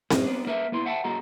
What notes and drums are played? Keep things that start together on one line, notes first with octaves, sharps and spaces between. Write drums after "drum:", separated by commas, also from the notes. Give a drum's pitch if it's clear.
F#2 A2 D#4, drum: snare C4
A#3 B3 D4
A#3 A#4 B4 E5
A#3 B3 E4 C6
C5 E5 F#5 G5 A5
A#3 F#4 G#4 D#5 A#5